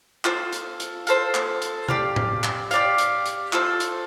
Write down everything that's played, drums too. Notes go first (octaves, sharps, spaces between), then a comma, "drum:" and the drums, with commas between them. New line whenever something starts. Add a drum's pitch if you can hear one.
F4 A4 C5, drum: clap
drum: hi-hat
drum: hi-hat
F4 A4 C5, drum: hi-hat
drum: clap
drum: hi-hat
G4 D5 F5, drum: tom C3
drum: tom A2
drum: clap
G4 D5 F5, drum: hi-hat
drum: hi-hat
drum: hi-hat
F4 A4 C5, drum: clap
drum: hi-hat